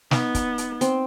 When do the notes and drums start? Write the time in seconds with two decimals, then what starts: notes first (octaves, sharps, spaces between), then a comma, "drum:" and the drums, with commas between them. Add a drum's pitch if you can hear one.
0.11 B3 D#4, drum: snare
0.35 drum: kick, hi-hat
0.58 drum: hi-hat
0.81 C4, drum: hi-hat